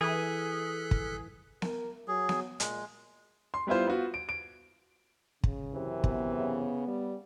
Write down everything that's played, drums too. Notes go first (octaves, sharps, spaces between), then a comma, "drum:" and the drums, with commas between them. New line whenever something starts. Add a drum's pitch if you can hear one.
E3 G#4 A4 F#6 B6
drum: kick
A#4, drum: snare B3
F#3 G#4
drum: snare B3
A#2 G#3, drum: hi-hat
C6
G3 B3 E4 F4 C5
B3 F4 F#4
D7
D7
C#3, drum: kick
F#2 C3 E3
B3 B4, drum: kick
C#3
G3